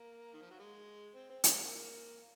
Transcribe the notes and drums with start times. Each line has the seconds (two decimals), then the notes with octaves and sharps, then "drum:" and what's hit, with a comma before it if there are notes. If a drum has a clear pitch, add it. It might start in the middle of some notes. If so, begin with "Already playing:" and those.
Already playing: A#3
0.34 D#3
0.42 F3
0.51 F#3
0.59 G#3
1.15 C4
1.30 C4
1.44 C4, drum: hi-hat
1.57 D#3 F#3 A#3